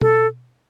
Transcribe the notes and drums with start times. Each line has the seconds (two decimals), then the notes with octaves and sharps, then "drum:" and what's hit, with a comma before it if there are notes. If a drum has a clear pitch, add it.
0.01 A4, drum: tom B2